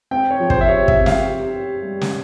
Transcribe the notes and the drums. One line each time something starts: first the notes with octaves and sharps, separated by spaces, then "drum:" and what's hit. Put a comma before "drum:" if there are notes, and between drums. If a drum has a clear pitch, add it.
C4 G5
C#5
F3
C5, drum: kick
E5
G4 C#5
E5, drum: kick
C4
F5, drum: snare
G4
G4
G3
drum: snare